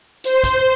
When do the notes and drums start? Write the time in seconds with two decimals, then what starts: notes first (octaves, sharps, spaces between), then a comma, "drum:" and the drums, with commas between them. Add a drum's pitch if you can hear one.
0.24 C5, drum: hi-hat
0.44 drum: kick, hi-hat